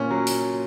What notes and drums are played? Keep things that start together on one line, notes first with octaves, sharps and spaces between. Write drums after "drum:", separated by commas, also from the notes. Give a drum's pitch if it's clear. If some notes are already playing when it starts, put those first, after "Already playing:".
Already playing: A#2 C#4
F#3
drum: open hi-hat